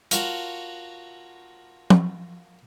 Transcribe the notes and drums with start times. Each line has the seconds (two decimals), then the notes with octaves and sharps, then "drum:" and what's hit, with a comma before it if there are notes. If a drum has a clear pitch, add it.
0.11 F4 F#4 A#4 C#5 F#5 A5, drum: hi-hat
1.90 drum: tom F3